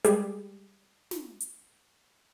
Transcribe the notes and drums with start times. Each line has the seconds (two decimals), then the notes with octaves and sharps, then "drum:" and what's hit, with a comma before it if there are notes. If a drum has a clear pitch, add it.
0.05 G3 G#3 G4 G#4, drum: hi-hat
1.11 drum: snare
1.41 drum: hi-hat